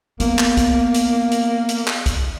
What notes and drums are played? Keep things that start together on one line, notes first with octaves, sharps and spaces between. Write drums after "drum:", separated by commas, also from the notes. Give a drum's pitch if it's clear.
A#3 B3, drum: hi-hat
drum: clap
drum: kick, hi-hat
drum: hi-hat
drum: hi-hat
drum: hi-hat
drum: clap
drum: kick, hi-hat